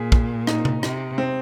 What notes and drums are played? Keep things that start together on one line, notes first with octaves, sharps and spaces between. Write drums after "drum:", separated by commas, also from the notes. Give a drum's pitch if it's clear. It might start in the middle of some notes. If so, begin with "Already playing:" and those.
Already playing: A#2 G#4
drum: kick
D#4, drum: rim click
drum: tom C3
C3, drum: rim click
C4